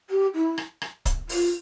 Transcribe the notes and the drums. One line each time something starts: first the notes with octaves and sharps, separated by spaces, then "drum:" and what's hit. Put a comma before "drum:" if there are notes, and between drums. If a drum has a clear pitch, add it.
G4
E4
drum: rim click
drum: rim click
drum: kick C#1, hi-hat
F4, drum: open hi-hat